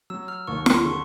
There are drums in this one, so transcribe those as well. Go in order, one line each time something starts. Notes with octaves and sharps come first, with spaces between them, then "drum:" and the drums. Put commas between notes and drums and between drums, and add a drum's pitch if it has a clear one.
F#3 E6
F6
D#2 C#6
C6, drum: snare
D3 C#6